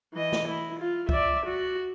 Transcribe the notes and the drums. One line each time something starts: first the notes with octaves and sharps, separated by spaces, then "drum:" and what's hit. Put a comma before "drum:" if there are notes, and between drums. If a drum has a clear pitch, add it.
E3 D#5
drum: snare
E4
F4
D5 E5, drum: kick C2
F#4